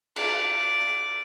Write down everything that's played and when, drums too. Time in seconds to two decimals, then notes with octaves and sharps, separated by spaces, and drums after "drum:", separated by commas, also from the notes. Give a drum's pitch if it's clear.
0.16 D5, drum: cymbal